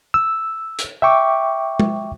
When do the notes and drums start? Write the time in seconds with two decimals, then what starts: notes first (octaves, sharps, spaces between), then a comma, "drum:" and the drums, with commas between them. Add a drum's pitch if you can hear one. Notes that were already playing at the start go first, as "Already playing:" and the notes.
0.14 E6
0.79 drum: hi-hat
1.02 E5 G5 C#6 D6
1.80 drum: tom